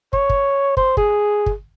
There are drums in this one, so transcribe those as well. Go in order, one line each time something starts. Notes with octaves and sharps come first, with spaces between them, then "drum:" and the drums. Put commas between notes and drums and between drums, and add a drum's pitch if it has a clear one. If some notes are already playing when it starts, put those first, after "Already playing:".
C#5, drum: kick
drum: kick
C5, drum: kick
G#4, drum: kick
drum: kick